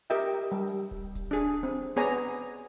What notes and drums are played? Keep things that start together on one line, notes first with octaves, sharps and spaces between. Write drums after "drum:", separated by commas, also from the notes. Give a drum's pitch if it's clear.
G4 A#4 D#5 E5 G5
drum: hi-hat
G3
drum: open hi-hat
drum: kick D1
drum: kick D1, hi-hat
D4 G#4
C4
B3 G#4 C#5 D5 G#5 A#5
drum: hi-hat